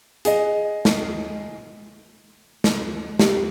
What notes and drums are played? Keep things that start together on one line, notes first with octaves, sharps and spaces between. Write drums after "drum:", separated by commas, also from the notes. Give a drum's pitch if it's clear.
G#4 D#5, drum: hi-hat
drum: snare
drum: snare
G4, drum: snare